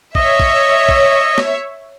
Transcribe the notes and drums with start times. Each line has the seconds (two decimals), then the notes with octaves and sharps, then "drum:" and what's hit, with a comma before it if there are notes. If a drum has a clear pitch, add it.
0.15 C#5 D#5 E5, drum: kick
0.40 drum: kick
0.89 drum: kick
1.38 drum: snare